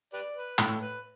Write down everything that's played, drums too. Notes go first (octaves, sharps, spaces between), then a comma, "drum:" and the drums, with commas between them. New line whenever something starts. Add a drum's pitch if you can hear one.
G4 B4 D5
B4
A2 A4, drum: clap
B4